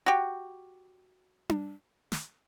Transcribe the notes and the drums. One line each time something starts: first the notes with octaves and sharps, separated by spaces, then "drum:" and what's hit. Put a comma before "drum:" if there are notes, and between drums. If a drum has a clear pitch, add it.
F#4 G4
drum: tom D4
drum: snare